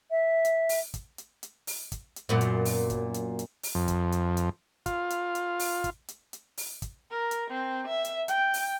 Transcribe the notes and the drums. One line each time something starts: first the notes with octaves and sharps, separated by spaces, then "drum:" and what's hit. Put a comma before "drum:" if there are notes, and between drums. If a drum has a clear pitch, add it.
E5
drum: hi-hat
drum: open hi-hat
drum: kick, hi-hat
drum: hi-hat
drum: hi-hat
drum: open hi-hat
drum: kick, hi-hat
drum: hi-hat
F#2 A#2 B3
drum: hi-hat
drum: open hi-hat
drum: kick, hi-hat
drum: hi-hat
drum: hi-hat
drum: open hi-hat
F2
drum: kick, hi-hat
drum: hi-hat
drum: hi-hat
F4, drum: kick, hi-hat
drum: hi-hat
drum: hi-hat
drum: open hi-hat
drum: kick, hi-hat
drum: hi-hat
drum: hi-hat
drum: open hi-hat
drum: kick, hi-hat
A#4
drum: hi-hat
C4
E5
drum: hi-hat
G5, drum: hi-hat
drum: open hi-hat